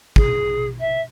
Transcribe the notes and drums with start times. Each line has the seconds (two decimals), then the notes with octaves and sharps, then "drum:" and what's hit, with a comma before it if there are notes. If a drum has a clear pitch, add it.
0.16 G#4, drum: kick
0.80 E5